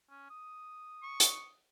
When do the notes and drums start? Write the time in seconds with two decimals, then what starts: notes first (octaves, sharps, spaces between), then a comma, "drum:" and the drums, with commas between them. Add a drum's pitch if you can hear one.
0.10 C#4
0.30 D#6
1.03 C#6
1.20 drum: hi-hat